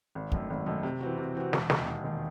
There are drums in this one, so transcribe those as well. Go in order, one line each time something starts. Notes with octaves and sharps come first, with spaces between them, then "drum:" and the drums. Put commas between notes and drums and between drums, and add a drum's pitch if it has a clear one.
G#1
F#2 D#3 A3, drum: kick
G#1
F#2 D#3 A3
C3
E3 C4 F#4
C3
E3 C4 F#4
E1, drum: snare
D#2 D#3, drum: snare
E1
D#2 D#3